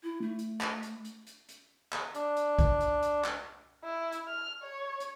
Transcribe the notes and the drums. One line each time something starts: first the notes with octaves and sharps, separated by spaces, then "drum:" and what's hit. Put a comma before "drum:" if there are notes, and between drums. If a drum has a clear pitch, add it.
E4
A3
drum: hi-hat
drum: clap
drum: hi-hat
drum: hi-hat
drum: hi-hat
drum: hi-hat
drum: clap
D4, drum: hi-hat
drum: hi-hat
drum: kick G#1, hi-hat
drum: hi-hat
drum: hi-hat
drum: clap
E4
drum: hi-hat
F6
C#5
drum: hi-hat